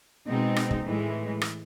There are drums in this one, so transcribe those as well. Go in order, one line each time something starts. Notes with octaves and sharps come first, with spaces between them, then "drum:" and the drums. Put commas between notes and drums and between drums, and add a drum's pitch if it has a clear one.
B2 G#3 C4 D#4
drum: rim click
drum: kick
A2 E3 G#3
drum: rim click